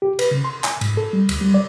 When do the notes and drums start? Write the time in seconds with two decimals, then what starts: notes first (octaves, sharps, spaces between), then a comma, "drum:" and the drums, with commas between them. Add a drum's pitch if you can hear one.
0.02 G4
0.19 B4, drum: cymbal
0.31 C#3
0.44 C6
0.64 G#5, drum: clap
0.81 G#2, drum: cymbal
0.97 A4
1.13 G3
1.29 D2, drum: cymbal
1.41 G3
1.54 D5